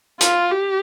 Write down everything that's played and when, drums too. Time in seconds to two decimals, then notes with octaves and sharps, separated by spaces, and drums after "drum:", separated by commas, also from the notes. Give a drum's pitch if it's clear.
0.21 F4, drum: hi-hat
0.51 G4